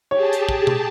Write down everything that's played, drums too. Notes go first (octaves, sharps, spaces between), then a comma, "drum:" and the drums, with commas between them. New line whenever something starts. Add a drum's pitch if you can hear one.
G4 G#4 C#5 A5
drum: hi-hat
drum: kick
drum: tom B2